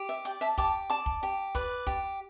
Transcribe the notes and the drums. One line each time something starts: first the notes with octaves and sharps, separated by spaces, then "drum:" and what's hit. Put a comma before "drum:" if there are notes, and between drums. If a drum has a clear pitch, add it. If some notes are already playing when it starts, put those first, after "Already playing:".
Already playing: G4
E5
D5 G5
E5 A5
G4 A5 D6, drum: kick
D5 A5 D6
drum: kick
G4
B4 D5, drum: kick
G4, drum: kick